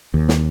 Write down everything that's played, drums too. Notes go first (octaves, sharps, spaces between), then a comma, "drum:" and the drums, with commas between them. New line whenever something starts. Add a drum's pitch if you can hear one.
D#2
drum: snare